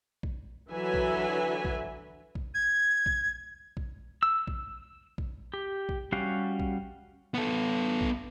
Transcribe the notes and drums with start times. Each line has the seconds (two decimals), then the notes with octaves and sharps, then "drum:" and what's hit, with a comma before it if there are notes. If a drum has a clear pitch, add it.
0.23 drum: kick A#1
0.71 D3 E3 F#3 B4 E5 G#5
0.94 drum: kick A#1
1.65 drum: kick A#1
2.35 drum: kick A#1
2.54 G#6
3.06 drum: kick A#1
3.77 drum: kick A#1
4.23 E6
4.47 drum: kick A#1
5.18 drum: kick A#1
5.54 G4
5.89 drum: kick A#1
6.12 G3 C#4 F#4 G4 F5
6.60 drum: kick A#1
7.34 B3 A4
8.01 drum: kick A#1